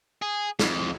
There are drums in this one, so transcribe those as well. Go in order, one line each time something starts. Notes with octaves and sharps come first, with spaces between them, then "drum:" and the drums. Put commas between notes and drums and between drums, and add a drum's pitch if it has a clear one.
G#4
F2, drum: snare